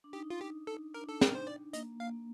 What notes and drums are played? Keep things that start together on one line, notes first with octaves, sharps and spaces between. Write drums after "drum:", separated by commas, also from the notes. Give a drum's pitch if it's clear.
D4
D#4 G4
F4
G4
A4
D4 A#4
A4
A#4, drum: snare
C5
D5
A#3 D#5, drum: hi-hat
A#3 F5